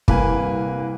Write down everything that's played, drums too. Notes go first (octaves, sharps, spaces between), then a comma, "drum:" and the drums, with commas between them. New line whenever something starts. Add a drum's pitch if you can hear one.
C2 A#3 B4 G#5, drum: kick